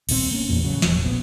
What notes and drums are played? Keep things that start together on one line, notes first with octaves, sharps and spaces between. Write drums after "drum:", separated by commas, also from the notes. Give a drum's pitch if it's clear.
D#1 C2 C#3 C4, drum: cymbal
A#3 C#4
A1 E2 G2 A#2
A1 C#3 F#3
E1 A1, drum: snare
A#1 B3